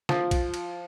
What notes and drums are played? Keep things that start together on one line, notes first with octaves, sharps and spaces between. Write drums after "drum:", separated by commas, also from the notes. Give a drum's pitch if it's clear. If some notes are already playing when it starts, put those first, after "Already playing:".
F3, drum: snare
drum: kick, cymbal
drum: cymbal